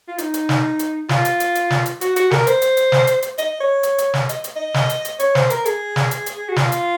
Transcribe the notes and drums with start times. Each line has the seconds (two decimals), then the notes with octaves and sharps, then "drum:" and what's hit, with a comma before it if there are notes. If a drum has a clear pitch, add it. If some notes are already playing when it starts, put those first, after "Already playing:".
0.08 F4
0.18 D#4, drum: hi-hat
0.34 drum: hi-hat
0.49 drum: snare
0.79 drum: hi-hat
1.09 F4, drum: snare
1.25 drum: hi-hat
1.40 drum: hi-hat
1.55 drum: hi-hat
1.70 drum: snare
1.86 drum: hi-hat
2.01 F#4, drum: hi-hat
2.16 F#4, drum: hi-hat
2.31 A#4, drum: snare
2.47 C5, drum: hi-hat
2.62 drum: hi-hat
2.77 drum: hi-hat
2.92 drum: snare
3.07 drum: hi-hat
3.22 drum: hi-hat
3.38 D#5, drum: hi-hat
3.60 C#5
3.83 drum: hi-hat
3.98 drum: hi-hat
4.14 drum: snare
4.29 D#5, drum: hi-hat
4.44 drum: hi-hat
4.56 D#5
4.74 drum: snare
4.90 drum: hi-hat
5.05 drum: hi-hat
5.19 C#5, drum: hi-hat
5.35 C5, drum: snare
5.50 A#4, drum: hi-hat
5.66 G#4, drum: hi-hat
5.96 drum: snare
6.11 drum: hi-hat
6.26 drum: hi-hat
6.49 F#4
6.56 F4, drum: snare
6.72 drum: hi-hat